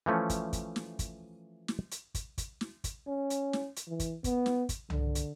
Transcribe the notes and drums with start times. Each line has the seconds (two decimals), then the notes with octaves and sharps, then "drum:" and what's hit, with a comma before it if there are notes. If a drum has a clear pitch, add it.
0.06 E3 F3 A3 C#4
0.30 drum: kick, hi-hat
0.53 drum: kick, hi-hat
0.76 drum: snare
0.99 drum: kick, hi-hat
1.68 drum: snare
1.91 drum: hi-hat
2.15 drum: kick, hi-hat
2.38 drum: kick, hi-hat
2.61 drum: snare
2.84 drum: kick, hi-hat
3.07 C#4
3.30 drum: hi-hat
3.53 drum: snare
3.76 drum: hi-hat
3.88 E3
4.00 drum: kick, hi-hat
4.24 B3, drum: kick, hi-hat
4.46 drum: snare
4.69 drum: kick, hi-hat
4.90 D3, drum: tom C2
5.15 drum: hi-hat